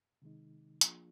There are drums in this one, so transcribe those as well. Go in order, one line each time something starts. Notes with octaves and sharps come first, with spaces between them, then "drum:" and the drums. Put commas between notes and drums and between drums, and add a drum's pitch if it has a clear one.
C3 D#3 G#3 D#4
F3 A#3 D4 F4 G#4, drum: hi-hat